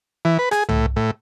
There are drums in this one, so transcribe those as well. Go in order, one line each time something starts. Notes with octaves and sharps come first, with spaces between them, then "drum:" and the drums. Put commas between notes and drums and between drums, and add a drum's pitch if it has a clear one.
E3
B4
G#4, drum: rim click
A2, drum: tom C2
A2